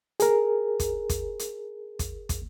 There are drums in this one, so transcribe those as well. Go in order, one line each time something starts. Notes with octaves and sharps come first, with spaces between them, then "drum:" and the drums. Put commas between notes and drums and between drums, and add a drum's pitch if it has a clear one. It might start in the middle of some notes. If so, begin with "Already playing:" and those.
G#4 A#4, drum: hi-hat
drum: kick, hi-hat
drum: kick, hi-hat
drum: hi-hat
drum: kick, hi-hat
drum: kick, hi-hat